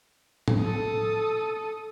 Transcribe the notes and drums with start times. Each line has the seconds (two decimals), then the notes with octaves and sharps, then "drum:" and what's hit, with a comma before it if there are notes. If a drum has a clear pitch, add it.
0.48 drum: tom A2
0.60 A4 D#6